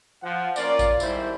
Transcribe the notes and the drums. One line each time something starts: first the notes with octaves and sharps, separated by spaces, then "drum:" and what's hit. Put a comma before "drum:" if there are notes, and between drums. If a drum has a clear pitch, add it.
F3 F#5
A#3 C#4 F4 D5, drum: tambourine
drum: kick, tambourine
G#1 G3 E4 C5, drum: tambourine